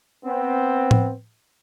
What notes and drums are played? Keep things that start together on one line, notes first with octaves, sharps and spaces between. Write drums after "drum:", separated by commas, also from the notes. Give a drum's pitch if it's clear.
B3 C4
drum: tom A2